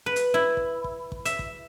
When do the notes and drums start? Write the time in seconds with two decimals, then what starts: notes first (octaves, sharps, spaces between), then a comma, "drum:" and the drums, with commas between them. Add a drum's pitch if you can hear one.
0.06 B4
0.16 drum: hi-hat
0.34 E4
0.57 drum: kick
0.84 drum: kick
1.12 drum: kick
1.25 E5, drum: hi-hat
1.39 drum: kick